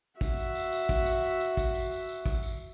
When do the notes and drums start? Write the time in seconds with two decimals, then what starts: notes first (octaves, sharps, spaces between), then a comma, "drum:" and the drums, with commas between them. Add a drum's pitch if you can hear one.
0.21 F#4 E5, drum: kick, tambourine
0.38 drum: tambourine
0.55 drum: tambourine
0.72 drum: tambourine
0.89 drum: kick, tambourine
1.06 drum: tambourine
1.23 drum: tambourine
1.40 drum: tambourine
1.57 drum: kick, tambourine
1.74 drum: tambourine
1.91 drum: tambourine
2.09 drum: tambourine
2.26 drum: kick, tambourine
2.43 drum: tambourine